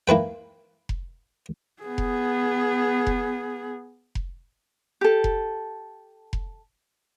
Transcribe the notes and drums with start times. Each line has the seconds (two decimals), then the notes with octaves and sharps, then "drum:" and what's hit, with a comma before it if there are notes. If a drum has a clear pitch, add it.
0.08 A#3 E4 B4 G5
0.89 drum: kick F1
1.82 B3 G#4
1.98 drum: kick F1
3.07 drum: kick F1
4.15 drum: kick F1
5.01 G4 A4
5.24 drum: kick F1
6.33 drum: kick F1